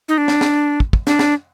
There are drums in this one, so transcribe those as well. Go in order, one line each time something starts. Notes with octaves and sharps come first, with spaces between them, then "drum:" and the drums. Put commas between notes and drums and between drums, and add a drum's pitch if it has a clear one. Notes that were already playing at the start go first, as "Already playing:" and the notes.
D#4
D4
drum: snare
drum: snare
drum: kick
drum: kick
D4, drum: snare
drum: snare